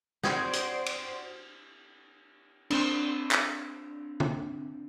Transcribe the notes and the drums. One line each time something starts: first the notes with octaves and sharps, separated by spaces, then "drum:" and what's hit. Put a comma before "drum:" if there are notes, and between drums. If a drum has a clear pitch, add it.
C4 F#4 C5 D5 D#6 G#6, drum: snare
drum: hi-hat
drum: cymbal
C4 D4, drum: cymbal
drum: clap
drum: tom